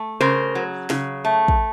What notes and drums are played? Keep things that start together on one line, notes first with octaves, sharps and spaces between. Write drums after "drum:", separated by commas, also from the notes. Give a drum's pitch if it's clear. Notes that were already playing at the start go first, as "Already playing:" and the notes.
Already playing: A3
C#3 A#4 C5
F#3
C#3, drum: snare
A3
drum: kick